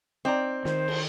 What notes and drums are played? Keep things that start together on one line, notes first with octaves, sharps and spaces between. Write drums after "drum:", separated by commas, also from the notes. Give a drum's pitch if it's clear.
C4 D#4 D5 A#5
D#3 C5, drum: snare
drum: cymbal